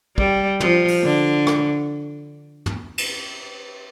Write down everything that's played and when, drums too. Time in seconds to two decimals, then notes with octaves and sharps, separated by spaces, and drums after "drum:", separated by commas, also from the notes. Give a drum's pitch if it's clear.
0.18 G3, drum: kick
0.60 F3, drum: tom
0.88 drum: open hi-hat
1.03 D3
1.47 drum: rim click
2.66 drum: tom
2.98 drum: cymbal